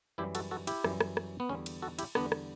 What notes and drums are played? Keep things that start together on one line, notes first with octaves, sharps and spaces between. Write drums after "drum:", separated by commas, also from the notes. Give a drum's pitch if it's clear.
F#2 E3 G3 E4 G4
F#4 A4, drum: cymbal
F#4 A4
E4 G4, drum: cymbal
F#2 E3 G3, drum: rim click
drum: rim click
drum: rim click
B3
E2 D3 G3 C#4
drum: cymbal
F#4 A4
E4 G4, drum: cymbal
E2 D3 G3 B3 D4, drum: rim click
drum: rim click